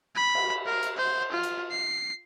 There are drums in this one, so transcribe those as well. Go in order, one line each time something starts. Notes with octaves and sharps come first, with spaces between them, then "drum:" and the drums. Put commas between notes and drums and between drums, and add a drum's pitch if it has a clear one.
B5
drum: cymbal
A#4
drum: hi-hat
C5
F4
drum: hi-hat
C7